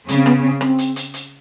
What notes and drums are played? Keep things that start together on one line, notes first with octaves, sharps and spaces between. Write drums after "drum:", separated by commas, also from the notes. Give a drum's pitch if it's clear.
C#3, drum: hi-hat
C4
B3, drum: rim click
C4
C4, drum: rim click
drum: hi-hat
drum: hi-hat
drum: hi-hat